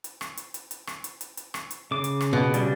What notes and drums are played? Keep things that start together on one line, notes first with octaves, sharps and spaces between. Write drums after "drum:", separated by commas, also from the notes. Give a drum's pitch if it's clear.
drum: hi-hat
drum: rim click
drum: hi-hat
drum: hi-hat
drum: hi-hat
drum: rim click
drum: hi-hat
drum: hi-hat
drum: hi-hat
drum: rim click
drum: hi-hat
C#3 D6
drum: hi-hat
drum: rim click
B2
C#3 G3 D4, drum: hi-hat